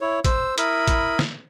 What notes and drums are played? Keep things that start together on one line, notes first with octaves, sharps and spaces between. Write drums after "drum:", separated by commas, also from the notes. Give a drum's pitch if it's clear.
E4 C#5
C5 E6, drum: kick, hi-hat
E4 A#4 B5 D#6, drum: hi-hat
drum: kick, hi-hat
drum: snare